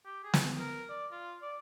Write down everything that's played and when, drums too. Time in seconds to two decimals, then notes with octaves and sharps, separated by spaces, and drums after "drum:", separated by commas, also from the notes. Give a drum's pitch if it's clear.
0.06 G4
0.24 G#4
0.34 drum: snare
0.58 A#4
0.89 D5
1.12 F4
1.42 D5